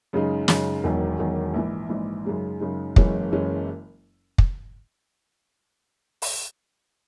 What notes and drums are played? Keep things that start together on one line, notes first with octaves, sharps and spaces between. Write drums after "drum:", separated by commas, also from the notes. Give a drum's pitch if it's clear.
F#2 C#3 G#3 D#4
F#2 C#3 G#3 D#4, drum: snare
E1 E2 D#3 F#3
E1 E2 D#3 F#3
A#1 G#2 E3
A#1 G#2 E3
F#2 C#3 G#3 D#4
F#2 C#3 G#3 D#4
F#1 F#2 E3 G#3 C#4, drum: kick
F#1 F#2 E3 G#3 C#4
drum: kick
drum: open hi-hat